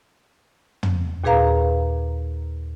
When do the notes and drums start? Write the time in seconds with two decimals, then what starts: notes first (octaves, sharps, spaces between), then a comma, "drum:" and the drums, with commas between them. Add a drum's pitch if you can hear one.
0.83 drum: tom
1.24 D#2 A#2 G#4 B4 F5 A#5